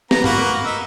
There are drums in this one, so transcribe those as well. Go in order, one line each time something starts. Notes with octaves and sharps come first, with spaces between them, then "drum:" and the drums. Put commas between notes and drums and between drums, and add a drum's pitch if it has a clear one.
B3 A#5, drum: snare
A#3 F#4 B4, drum: tom G2
D#4 E5